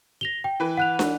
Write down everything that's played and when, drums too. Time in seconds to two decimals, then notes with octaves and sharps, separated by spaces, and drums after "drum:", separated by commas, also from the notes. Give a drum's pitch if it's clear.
0.21 A#6 F7 G7
0.44 G5
0.60 E3 B4
0.77 F#5 F#6 F7
0.99 drum: snare